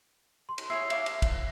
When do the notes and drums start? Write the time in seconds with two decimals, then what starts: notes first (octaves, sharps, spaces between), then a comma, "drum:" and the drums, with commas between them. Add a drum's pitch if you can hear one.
0.49 C6
0.58 drum: cymbal
0.70 E4 G#4 C#5 E6 C7
0.90 E5 F5 D6, drum: cymbal
1.06 drum: cymbal
1.22 drum: kick, cymbal